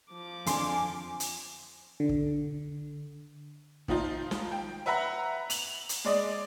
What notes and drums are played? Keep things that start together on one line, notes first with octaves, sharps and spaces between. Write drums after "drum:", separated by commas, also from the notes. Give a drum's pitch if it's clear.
F3 D6
F2 D3 G#5 C6, drum: hi-hat
drum: hi-hat
D3
drum: kick
D#3 F3 D#4 F4, drum: kick
drum: snare
G5
B4 E5 F#5 A#5 B5
F7 F#7, drum: hi-hat
drum: hi-hat
G#3 D5 D#5